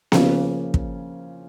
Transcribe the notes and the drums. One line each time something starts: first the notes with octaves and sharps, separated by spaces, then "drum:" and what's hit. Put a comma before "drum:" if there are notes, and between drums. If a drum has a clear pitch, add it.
C#3 F3 A#3 C#4 F4, drum: snare B3
drum: kick